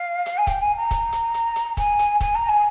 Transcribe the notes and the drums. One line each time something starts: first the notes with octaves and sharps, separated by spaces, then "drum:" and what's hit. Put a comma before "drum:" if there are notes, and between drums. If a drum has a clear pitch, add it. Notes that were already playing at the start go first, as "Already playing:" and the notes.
Already playing: F5
drum: hi-hat
G#5
G5, drum: kick, hi-hat
G#5
A#5
drum: kick, hi-hat
drum: hi-hat
drum: hi-hat
drum: hi-hat
G#5, drum: kick, hi-hat
drum: hi-hat
G#5, drum: kick, hi-hat
A#5
G#5